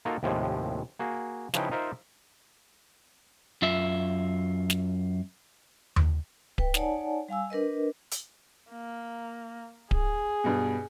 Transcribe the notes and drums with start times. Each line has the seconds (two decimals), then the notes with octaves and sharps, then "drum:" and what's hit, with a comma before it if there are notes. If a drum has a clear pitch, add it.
0.05 A#3 D#4 F4 F#4 A4 A#4
0.23 D#2 A2 C3 F3 G#3
0.99 A#3 F#4 G#4
1.54 C#3 F3 D#4 E4 B4 G5, drum: snare
1.71 D#4 F4 A#4 C5 E5
3.62 F#2 F4 E5
4.70 drum: snare
5.96 drum: tom D#2
6.58 B4 G5, drum: kick D1
6.74 D#4 C#5 D5 F#5 G#5 A5, drum: snare
7.28 G3 F5 G#5 E6
7.50 D4 A#4 B4 D#5
8.11 drum: hi-hat
8.71 A#3
9.91 G#4, drum: kick D1
10.44 G2 B2